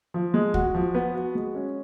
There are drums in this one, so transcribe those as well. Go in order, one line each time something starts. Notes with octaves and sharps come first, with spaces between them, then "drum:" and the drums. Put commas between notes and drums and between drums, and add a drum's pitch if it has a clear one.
F3
G#3
F#4, drum: kick
F3
B3
F#4
G#3
C#4